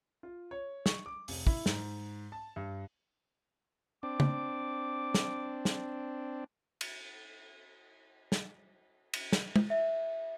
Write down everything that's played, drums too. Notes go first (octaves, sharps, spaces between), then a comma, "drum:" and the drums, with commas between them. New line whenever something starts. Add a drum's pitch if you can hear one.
F4
C#5
C#6, drum: snare
D6
F1, drum: open hi-hat
E4, drum: kick
G#2, drum: snare
A5
G2
C4 D4 D6
drum: tom
drum: snare
drum: snare
drum: cymbal
drum: snare
drum: cymbal
drum: snare
drum: tom
E5